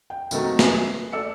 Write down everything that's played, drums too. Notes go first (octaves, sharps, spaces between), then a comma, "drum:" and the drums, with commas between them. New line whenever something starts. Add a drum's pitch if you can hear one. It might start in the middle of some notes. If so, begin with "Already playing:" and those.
G5
C3 D#3 F#3 A3 A#3 D#4, drum: tambourine
G#4 B4 E5, drum: snare
A3 A4 D5 E6 C#7